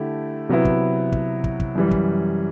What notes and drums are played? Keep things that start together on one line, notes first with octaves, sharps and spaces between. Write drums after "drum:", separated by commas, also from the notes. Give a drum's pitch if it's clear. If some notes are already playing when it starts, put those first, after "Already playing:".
Already playing: D3 A3 E4 G4
C3 F#3 B3 E4
drum: kick
drum: kick
drum: kick
drum: kick
F#2 E3 G3
drum: kick